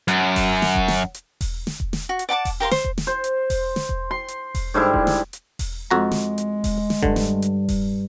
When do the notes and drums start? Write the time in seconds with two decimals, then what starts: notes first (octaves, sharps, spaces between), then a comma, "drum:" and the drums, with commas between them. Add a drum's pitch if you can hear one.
0.08 F#2, drum: hi-hat
0.36 drum: kick E1, open hi-hat
0.62 drum: snare
0.75 drum: kick E1
0.88 drum: snare
1.14 drum: hi-hat
1.41 drum: kick E1, open hi-hat
1.67 drum: snare
1.80 drum: kick E1
1.93 drum: snare
2.09 F#4
2.19 drum: hi-hat
2.29 D5 F#5 A5 D6
2.45 drum: kick E1, open hi-hat
2.60 G4 A#4 F5 C6
2.71 C5, drum: snare
2.85 drum: kick E1
2.98 drum: snare
3.07 C5
3.24 drum: hi-hat
3.50 drum: kick E1, open hi-hat
3.76 drum: snare
3.89 drum: kick E1
4.11 C6
4.28 drum: hi-hat
4.55 drum: kick E1, open hi-hat
4.74 G#2 D3 G3 E4
4.94 drum: kick E1
5.07 drum: snare
5.33 drum: hi-hat
5.59 drum: kick E1, open hi-hat
5.91 F2 G#3 F#4 A#5
6.12 drum: snare
6.38 drum: hi-hat
6.64 drum: kick E1, open hi-hat
6.90 drum: snare
7.03 G2 D3, drum: kick E1
7.16 drum: snare
7.42 drum: hi-hat
7.68 drum: kick E1, open hi-hat